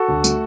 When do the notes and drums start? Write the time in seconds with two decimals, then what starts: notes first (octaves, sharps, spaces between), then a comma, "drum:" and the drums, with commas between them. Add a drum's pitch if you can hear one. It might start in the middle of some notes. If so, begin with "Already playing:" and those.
Already playing: F#4 A4
0.09 D2
0.24 A3, drum: tambourine